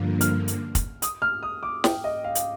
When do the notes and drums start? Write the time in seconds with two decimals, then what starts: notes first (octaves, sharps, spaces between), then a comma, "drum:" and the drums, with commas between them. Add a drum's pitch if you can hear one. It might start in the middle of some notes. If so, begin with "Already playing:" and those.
Already playing: G2 D3 F3 A#3
0.21 F6, drum: hi-hat
0.48 drum: hi-hat
0.75 drum: kick, hi-hat
1.02 D#6, drum: hi-hat
1.22 F6
1.43 D#6
1.63 D6
1.84 G5, drum: snare
2.04 D#5
2.24 F5
2.35 F5, drum: hi-hat